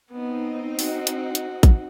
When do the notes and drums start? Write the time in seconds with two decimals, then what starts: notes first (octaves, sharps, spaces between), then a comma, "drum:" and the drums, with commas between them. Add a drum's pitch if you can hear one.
0.12 B3 C4 D#4
0.79 F#4, drum: open hi-hat
1.07 drum: hi-hat
1.35 drum: hi-hat
1.63 drum: kick A1, hi-hat